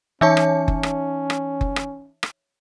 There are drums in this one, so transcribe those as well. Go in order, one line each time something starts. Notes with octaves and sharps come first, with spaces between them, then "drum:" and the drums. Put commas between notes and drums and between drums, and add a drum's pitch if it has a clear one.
E3 C#4 D#4 C#5 E5 A5
drum: rim click
drum: kick F#1
drum: rim click
drum: rim click
drum: kick F#1
drum: rim click
drum: rim click